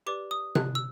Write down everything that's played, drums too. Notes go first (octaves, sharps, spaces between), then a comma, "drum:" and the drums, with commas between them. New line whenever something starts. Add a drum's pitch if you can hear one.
G4 B4 D5 D6
D#6
F#6, drum: tom C3
E6